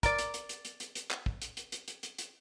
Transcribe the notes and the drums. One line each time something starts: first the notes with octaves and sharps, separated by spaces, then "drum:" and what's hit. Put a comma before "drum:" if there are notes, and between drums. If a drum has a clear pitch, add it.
A#4 D5, drum: kick, hi-hat
drum: hi-hat
drum: hi-hat
drum: hi-hat
drum: hi-hat
drum: hi-hat
drum: hi-hat
drum: clap
drum: kick
drum: hi-hat
drum: hi-hat
drum: hi-hat
drum: hi-hat
drum: hi-hat
drum: hi-hat